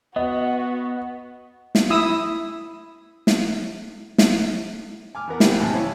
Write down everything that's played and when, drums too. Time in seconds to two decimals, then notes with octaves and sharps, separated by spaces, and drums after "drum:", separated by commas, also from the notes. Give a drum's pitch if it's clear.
0.16 B3 F#4 D#5
1.75 drum: snare
1.90 E4 D#6 E6
3.27 drum: snare
4.18 drum: snare
5.15 G#5 D6 F6
5.27 E2 B3 A#4 F#5
5.40 C3 G3 C4 E4, drum: snare
5.60 A1 E2 A2 C3 G#5
5.73 C#4 E4 C#5 F5 A5